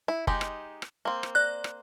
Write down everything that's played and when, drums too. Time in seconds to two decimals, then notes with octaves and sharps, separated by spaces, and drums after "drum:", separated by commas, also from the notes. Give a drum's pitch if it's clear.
0.08 E4
0.27 G#3 D#4 G4, drum: kick F#1
0.41 drum: rim click
0.82 drum: rim click
1.05 A#3 C4
1.23 drum: rim click
1.35 D5 F#6
1.64 drum: rim click